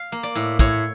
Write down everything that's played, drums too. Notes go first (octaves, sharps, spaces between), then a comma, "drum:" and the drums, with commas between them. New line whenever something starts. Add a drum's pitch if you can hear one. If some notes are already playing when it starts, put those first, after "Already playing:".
Already playing: F5
A#3
D5
A2
A2 C#5, drum: kick